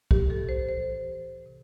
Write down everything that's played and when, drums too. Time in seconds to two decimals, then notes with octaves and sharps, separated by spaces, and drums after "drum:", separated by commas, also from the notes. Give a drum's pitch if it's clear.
0.11 G4, drum: kick
0.29 A2 E3 A4
0.49 C5
0.69 C5
1.46 C3